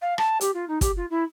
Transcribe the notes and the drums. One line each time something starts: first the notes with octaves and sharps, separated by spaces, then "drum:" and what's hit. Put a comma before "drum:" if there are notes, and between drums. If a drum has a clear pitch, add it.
F5
A5, drum: rim click
G4, drum: hi-hat
F4
D#4
G4, drum: kick, hi-hat
F4
E4